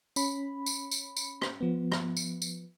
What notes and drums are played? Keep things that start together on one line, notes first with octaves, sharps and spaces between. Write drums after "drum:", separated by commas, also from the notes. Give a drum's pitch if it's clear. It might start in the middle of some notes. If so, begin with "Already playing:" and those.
C#4 B5, drum: tambourine
drum: tambourine
drum: tambourine
drum: tambourine
drum: rim click
F3 B3
drum: rim click
drum: tambourine
drum: tambourine